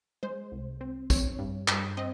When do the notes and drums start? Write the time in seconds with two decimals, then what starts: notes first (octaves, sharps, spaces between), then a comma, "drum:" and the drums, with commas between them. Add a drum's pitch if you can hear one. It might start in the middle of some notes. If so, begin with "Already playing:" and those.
0.23 G#3 C5
0.52 C2
0.81 C4
1.10 C4 C#5, drum: kick, tambourine
1.39 G2
1.68 G2, drum: clap
1.97 C4 D#5